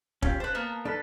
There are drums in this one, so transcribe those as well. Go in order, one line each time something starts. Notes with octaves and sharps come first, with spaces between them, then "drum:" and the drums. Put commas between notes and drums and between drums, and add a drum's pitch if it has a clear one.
C#4 F4 G4, drum: kick
B4 C5 A5
A#3 B3
D4 A4 B4 B5